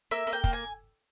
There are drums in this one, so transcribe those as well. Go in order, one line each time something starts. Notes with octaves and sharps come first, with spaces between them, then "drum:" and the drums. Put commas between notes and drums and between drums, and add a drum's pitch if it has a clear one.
A#3 E5
A#3
G5
A#3, drum: kick
G#5